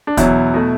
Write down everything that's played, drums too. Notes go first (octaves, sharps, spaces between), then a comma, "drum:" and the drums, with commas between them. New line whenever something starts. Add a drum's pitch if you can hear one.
D4
E2 B2 F#3 E4, drum: kick, hi-hat
B2 A3